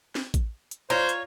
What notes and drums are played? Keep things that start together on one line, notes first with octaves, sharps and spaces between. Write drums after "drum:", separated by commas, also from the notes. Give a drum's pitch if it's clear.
drum: snare
drum: kick A1, hi-hat
drum: hi-hat
F4 C5 C#5 A#5
drum: hi-hat